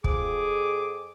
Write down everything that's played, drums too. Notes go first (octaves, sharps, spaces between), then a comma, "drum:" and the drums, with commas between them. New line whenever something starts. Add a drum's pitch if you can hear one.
F2 G#4 D6, drum: kick